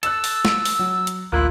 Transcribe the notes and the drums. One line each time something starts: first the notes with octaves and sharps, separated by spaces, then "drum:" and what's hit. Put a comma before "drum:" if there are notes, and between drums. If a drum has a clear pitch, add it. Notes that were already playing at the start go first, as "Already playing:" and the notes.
A4 E6 F#6 A6 E7, drum: hi-hat
drum: open hi-hat
drum: snare
drum: open hi-hat
F#3
drum: hi-hat
A1 D2 A#3 E4 F4 A#4 C6 F#6